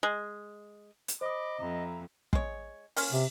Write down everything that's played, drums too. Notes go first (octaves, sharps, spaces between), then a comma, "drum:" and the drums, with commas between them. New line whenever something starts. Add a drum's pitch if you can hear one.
G#3
drum: hi-hat
C5 D#5 B5 D6 D#6
F2 E5 A#5 B5
G#3 C#5, drum: kick
A#3 C#4 F4, drum: open hi-hat
C3